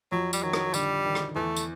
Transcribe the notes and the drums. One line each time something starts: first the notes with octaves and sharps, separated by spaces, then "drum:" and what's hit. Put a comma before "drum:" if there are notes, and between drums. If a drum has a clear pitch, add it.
F2 F3 F#3
G3, drum: tambourine
D#3 F#3
drum: rim click
D3 G3, drum: tambourine
D#3
drum: rim click
E2 E3 A3
drum: tambourine